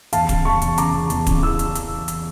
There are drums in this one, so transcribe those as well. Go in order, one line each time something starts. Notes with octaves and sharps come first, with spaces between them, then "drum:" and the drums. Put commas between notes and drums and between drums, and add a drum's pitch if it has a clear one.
E2 F5 A5, drum: hi-hat
C#3, drum: kick D1, hi-hat
E2 A5 C#6
E2, drum: hi-hat
C#3 A#5 D6, drum: hi-hat
E2
E2, drum: hi-hat
C#3, drum: kick D1, hi-hat
E3 E6
drum: hi-hat
drum: hi-hat
drum: hi-hat